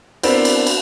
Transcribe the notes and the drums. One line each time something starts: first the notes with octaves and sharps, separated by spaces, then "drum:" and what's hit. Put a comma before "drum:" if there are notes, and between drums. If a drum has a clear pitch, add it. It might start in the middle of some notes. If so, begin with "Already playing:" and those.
B3 C4 D4 E4 A#4 C5, drum: cymbal
drum: cymbal
drum: cymbal